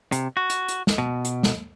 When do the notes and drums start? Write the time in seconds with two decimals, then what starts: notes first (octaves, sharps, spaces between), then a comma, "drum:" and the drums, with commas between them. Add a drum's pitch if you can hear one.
0.12 C3, drum: hi-hat
0.37 F#4
0.50 drum: hi-hat
0.68 drum: hi-hat
0.87 drum: snare
0.98 B2
1.25 drum: hi-hat
1.43 drum: snare